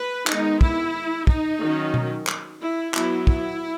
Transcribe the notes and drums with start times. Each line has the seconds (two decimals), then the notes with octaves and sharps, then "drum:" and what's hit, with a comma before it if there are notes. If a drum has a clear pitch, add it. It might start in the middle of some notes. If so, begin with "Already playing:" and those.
Already playing: B4
0.27 D#3 G#3 B3 D#4, drum: clap
0.61 E4, drum: kick
1.27 D#4, drum: kick
1.60 D#3 F#3 C#4
1.94 drum: tom B2
2.27 drum: clap
2.61 E4
2.94 F#3 B3 E4, drum: clap
3.27 E4, drum: kick